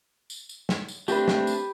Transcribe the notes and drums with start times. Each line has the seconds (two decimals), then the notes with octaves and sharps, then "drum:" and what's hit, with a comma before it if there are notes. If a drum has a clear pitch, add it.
0.30 drum: tambourine
0.49 drum: tambourine
0.69 drum: snare
0.89 drum: tambourine
1.08 A3 C4 D4 G4 B4, drum: tambourine
1.28 drum: snare
1.47 drum: tambourine